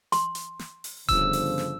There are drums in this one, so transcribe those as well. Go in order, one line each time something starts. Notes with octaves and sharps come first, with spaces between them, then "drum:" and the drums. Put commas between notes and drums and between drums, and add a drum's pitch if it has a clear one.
C6, drum: hi-hat
drum: hi-hat
drum: snare
drum: open hi-hat
G1 C#3 F3 E6, drum: kick D#1, hi-hat
drum: open hi-hat
drum: snare